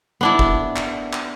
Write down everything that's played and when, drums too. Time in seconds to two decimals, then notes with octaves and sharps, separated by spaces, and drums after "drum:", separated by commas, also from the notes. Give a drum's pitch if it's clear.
0.21 B3 D4 E4
0.39 drum: kick
0.76 drum: clap
1.13 drum: clap